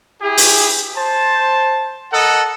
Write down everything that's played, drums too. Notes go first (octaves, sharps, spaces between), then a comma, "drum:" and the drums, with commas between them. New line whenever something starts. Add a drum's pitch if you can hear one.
E4 G4 G#4
drum: open hi-hat
C5 A5
A4 A#4 D#5 F#5